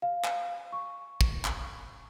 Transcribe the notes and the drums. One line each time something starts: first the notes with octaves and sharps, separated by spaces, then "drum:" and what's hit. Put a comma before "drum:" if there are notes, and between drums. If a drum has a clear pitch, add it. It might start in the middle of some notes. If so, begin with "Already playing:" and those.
F5
drum: clap
C#6
drum: kick
drum: clap